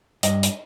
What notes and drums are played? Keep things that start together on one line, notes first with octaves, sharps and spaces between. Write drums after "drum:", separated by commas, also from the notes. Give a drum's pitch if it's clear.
G2 D#5, drum: hi-hat
drum: hi-hat